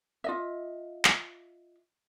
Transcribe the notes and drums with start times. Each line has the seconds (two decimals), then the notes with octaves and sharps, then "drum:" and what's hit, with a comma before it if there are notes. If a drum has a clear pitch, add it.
0.24 F4 D#5 E5
1.05 drum: clap